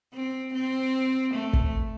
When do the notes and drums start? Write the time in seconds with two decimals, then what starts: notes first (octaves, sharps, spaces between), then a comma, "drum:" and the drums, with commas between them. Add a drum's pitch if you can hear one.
0.14 C4
0.54 C4
1.34 A3
1.53 drum: kick